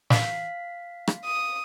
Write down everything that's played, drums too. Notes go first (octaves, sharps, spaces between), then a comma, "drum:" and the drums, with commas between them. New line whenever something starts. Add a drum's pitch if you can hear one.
F5 B6, drum: snare
drum: rim click
D#6